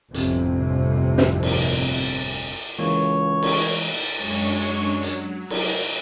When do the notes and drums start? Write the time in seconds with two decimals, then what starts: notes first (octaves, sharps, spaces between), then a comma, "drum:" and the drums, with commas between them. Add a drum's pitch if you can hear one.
0.14 G1 F2 A2 C3, drum: hi-hat
1.18 drum: snare
1.43 drum: cymbal
2.79 C#2 E3 G#3 A#3 C#5
3.43 drum: cymbal
4.17 F#2 F#3 G#3 D4 C#5 C#6
5.03 F#3, drum: hi-hat
5.50 drum: cymbal